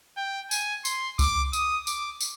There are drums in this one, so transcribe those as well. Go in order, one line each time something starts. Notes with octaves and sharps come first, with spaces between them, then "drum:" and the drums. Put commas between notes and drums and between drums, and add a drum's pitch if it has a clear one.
G5
G#5, drum: tambourine
C6, drum: tambourine
D6, drum: kick C2, tambourine
D#6, drum: tambourine
D6, drum: tambourine
drum: tambourine